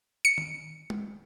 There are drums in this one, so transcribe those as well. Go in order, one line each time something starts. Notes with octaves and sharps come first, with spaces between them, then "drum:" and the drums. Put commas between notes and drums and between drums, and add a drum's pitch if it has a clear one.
C#7
drum: tom D#3
drum: tom G#3